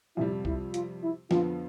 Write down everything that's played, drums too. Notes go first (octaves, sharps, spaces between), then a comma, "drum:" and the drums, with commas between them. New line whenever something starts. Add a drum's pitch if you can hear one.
F2 C3 G3 E4
E4, drum: kick C2
F4, drum: hi-hat
E4
F2 D3 F3 B3 F4, drum: snare